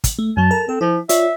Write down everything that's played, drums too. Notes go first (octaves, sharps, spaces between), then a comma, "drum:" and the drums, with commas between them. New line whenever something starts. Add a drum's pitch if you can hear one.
drum: kick, hi-hat
A3
F#2 F#3 A5
A4 A#4 A#5
C4 A4
F3 E4
F4 C#5 D5 E5, drum: hi-hat